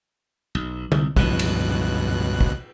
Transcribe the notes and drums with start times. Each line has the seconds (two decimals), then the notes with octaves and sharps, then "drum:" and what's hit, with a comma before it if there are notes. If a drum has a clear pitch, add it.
0.55 B1
0.92 C2, drum: tom D3
1.16 C#2 G2 B2 E3 F3 F#6, drum: kick
1.39 drum: cymbal
2.41 drum: kick